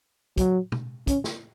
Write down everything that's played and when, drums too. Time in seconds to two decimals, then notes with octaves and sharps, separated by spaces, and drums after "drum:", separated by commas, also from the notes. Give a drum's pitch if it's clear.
0.38 F#3, drum: kick, hi-hat
0.72 drum: tom B2
1.07 C#4, drum: kick, hi-hat
1.24 drum: snare